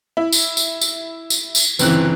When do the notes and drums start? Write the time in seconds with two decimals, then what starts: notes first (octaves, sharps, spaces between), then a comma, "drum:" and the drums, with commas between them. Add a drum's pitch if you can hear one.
0.17 E4
0.33 drum: tambourine
0.57 drum: tambourine
0.81 drum: tambourine
1.30 drum: tambourine
1.55 drum: tambourine
1.79 G1 C#3 E3 C4 F#6, drum: tambourine